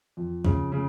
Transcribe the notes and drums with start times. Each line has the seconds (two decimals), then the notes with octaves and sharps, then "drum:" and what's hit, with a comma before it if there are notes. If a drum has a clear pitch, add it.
0.17 F2
0.45 C#3, drum: kick C#2
0.72 C#3